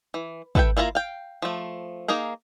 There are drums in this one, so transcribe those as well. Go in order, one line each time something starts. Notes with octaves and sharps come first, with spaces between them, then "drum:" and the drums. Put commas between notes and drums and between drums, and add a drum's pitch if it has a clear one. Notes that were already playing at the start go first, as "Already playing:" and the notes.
E3
A4 B4 E5 F#5 G5, drum: kick
A#3 E4 F4 A#4 A#5
F5 G5
F3 A3
A#3 D#4 G#4 A#4